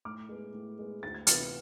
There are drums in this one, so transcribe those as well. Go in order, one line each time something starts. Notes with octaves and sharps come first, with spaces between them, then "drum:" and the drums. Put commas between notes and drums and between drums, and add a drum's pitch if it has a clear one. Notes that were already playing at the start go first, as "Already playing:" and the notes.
A2 D6 F6
G#3 B3
A2
G#3 B3
D2 A6
G#6
C3 E3 B3 F4 F6 A6, drum: hi-hat